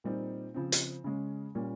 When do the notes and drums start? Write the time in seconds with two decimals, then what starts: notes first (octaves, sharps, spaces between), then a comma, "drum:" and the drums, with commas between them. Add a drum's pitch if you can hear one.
0.04 A#2 G3 C4 D#4
0.54 C#3 F3 C4
0.72 drum: hi-hat
1.04 C#3 G#3 C#4
1.55 A#2 G3 C#4